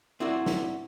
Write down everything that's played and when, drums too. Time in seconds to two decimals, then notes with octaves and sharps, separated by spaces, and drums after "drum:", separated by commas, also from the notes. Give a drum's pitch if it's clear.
0.20 C4 E4 F#4 D5
0.46 drum: snare